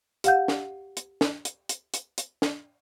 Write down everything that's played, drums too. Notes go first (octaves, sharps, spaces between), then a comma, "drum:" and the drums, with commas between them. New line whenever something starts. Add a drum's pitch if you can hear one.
G4 F5 F#5 G6, drum: hi-hat
drum: snare
drum: hi-hat
drum: snare
drum: hi-hat
drum: hi-hat
drum: hi-hat
drum: hi-hat
drum: snare